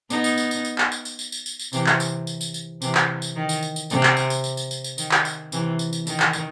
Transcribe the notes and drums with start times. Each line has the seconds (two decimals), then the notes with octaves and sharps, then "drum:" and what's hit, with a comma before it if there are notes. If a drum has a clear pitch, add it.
0.10 B3 D#4, drum: tambourine
0.24 drum: tambourine
0.38 drum: tambourine
0.51 drum: tambourine
0.65 drum: tambourine
0.78 drum: clap
0.92 drum: tambourine
1.05 drum: tambourine
1.19 drum: tambourine
1.32 drum: tambourine
1.46 drum: tambourine
1.59 drum: tambourine
1.73 C3 E3, drum: tambourine
1.87 drum: clap
2.00 drum: tambourine
2.27 drum: tambourine
2.41 drum: tambourine
2.54 drum: tambourine
2.82 C3 E3, drum: tambourine
2.95 drum: clap
3.22 drum: tambourine
3.36 D#3
3.49 drum: tambourine
3.63 drum: tambourine
3.76 drum: tambourine
3.90 C3, drum: tambourine
4.03 drum: clap
4.17 drum: tambourine
4.30 drum: tambourine
4.44 drum: tambourine
4.57 drum: tambourine
4.71 drum: tambourine
4.84 drum: tambourine
4.98 D#3, drum: tambourine
5.11 drum: clap
5.25 drum: tambourine
5.52 C3 E3, drum: tambourine
5.79 drum: tambourine
5.93 drum: tambourine
6.07 D#3, drum: tambourine
6.20 drum: clap
6.33 drum: tambourine